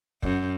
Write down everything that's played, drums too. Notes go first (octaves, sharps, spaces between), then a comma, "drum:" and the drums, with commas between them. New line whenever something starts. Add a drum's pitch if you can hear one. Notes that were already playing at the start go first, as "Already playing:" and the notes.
F#2, drum: kick